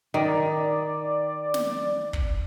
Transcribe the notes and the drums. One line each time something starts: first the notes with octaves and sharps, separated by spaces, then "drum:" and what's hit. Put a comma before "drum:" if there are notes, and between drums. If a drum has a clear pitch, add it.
D#3 D5
drum: snare
drum: kick